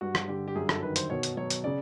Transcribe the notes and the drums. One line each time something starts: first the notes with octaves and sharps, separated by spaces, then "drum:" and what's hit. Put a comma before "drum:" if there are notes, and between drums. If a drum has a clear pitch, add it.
G2 F#4
drum: rim click
D3 G4
G4
F#2 G#4
A4, drum: rim click
D#3 B4
C5, drum: hi-hat
B2 C#5
drum: hi-hat
F#3 C#5
drum: hi-hat
C#3 D5